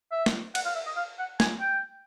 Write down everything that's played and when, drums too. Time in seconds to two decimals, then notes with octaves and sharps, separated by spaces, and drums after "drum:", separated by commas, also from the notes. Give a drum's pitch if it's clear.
0.12 E5
0.26 drum: snare
0.55 F#5, drum: cymbal
0.66 F5
0.75 E5
0.86 D#5
0.96 F5
1.19 F#5
1.40 G#5, drum: snare
1.61 G5